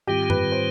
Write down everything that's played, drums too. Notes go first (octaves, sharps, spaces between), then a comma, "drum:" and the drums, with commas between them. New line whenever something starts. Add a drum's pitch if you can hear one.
G#2 D#3 G3 C4 F4 G4
B4, drum: tom F#2
C5